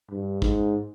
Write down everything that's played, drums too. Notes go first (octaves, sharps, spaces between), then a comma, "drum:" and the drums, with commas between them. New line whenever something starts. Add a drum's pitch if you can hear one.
G2
G#2, drum: kick